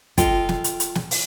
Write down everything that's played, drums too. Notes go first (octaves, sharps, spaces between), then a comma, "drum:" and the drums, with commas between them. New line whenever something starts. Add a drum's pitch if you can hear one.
F4 A4 D#5 G5, drum: kick, hi-hat
drum: snare
drum: hi-hat
drum: hi-hat
drum: snare
drum: open hi-hat